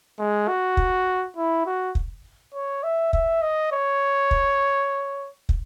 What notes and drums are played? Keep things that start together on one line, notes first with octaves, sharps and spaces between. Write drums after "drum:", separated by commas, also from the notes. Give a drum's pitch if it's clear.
G#3
F#4
drum: kick
E4
F#4
drum: kick
C#5
E5
E5, drum: kick
D#5
C#5
drum: kick
drum: kick